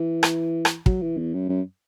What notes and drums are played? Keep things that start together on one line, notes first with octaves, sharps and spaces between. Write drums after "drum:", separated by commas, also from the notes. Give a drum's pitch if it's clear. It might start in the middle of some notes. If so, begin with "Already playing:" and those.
Already playing: E3
drum: rim click
drum: rim click
F#3, drum: kick
E3
E2
F#2
F#2